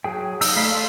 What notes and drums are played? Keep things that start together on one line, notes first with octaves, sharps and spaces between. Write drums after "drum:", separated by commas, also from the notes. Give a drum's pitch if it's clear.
F#3 G#4 G5
D#4 E6, drum: open hi-hat
A3 F5 B5
A4 C6